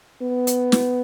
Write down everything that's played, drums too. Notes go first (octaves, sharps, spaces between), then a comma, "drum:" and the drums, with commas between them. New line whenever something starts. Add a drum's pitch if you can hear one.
B3
drum: hi-hat
drum: snare